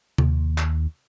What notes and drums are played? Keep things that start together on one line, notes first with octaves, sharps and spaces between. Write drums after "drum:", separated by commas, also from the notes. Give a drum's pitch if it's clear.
D#2, drum: tom C3
drum: clap